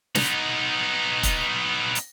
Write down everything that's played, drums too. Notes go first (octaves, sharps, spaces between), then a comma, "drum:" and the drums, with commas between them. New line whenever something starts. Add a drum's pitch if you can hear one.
B3 D#4, drum: snare
drum: kick, hi-hat
drum: hi-hat